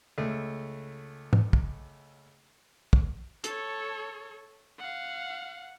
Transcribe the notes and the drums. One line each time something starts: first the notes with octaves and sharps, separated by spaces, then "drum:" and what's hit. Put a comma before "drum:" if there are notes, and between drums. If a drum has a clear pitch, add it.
C#2 A3
drum: tom G#2
drum: kick
drum: kick
A4 C#5, drum: hi-hat
F5 F#5